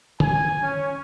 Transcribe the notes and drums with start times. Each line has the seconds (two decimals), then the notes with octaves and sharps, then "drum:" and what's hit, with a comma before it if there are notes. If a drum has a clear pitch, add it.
0.20 G#5, drum: tom
0.63 C#4